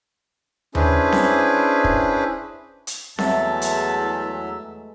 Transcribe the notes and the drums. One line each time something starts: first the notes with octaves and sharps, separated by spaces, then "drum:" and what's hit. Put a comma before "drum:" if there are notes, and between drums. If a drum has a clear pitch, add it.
C#4 D4 E4 G#4 B4 C5, drum: tom D#2
drum: snare C4
drum: kick
drum: hi-hat
E2 E3 F#3 G#3 A3 E5 A5, drum: snare C4
drum: hi-hat